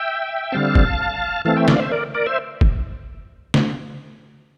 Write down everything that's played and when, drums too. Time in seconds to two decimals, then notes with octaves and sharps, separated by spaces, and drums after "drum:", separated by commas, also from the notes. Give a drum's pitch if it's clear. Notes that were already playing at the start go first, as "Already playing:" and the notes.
Already playing: E5 G5
0.52 D3 G3 C4 F5 A5
0.75 drum: kick
1.45 E3 A3 C4 F5 A5
1.56 E5 G5
1.68 D5 F5, drum: snare
1.79 C5 E5
1.91 A#4 D5
2.15 A#4 D5
2.26 C5 E5
2.61 drum: kick
3.54 drum: snare